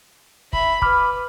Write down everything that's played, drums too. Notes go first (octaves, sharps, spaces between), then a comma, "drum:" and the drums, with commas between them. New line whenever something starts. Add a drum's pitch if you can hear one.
E5 B5, drum: kick
B4 B5 D6 F6, drum: kick